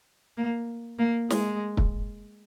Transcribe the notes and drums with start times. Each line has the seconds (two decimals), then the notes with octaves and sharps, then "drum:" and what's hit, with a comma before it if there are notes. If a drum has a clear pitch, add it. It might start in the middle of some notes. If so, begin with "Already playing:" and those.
0.37 A#3
0.99 A#3
1.30 G#3, drum: snare
1.77 drum: kick